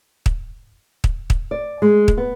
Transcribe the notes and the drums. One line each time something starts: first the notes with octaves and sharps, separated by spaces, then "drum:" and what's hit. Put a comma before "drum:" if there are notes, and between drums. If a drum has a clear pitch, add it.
drum: kick
drum: kick
drum: kick
D5
G#3
drum: kick
B3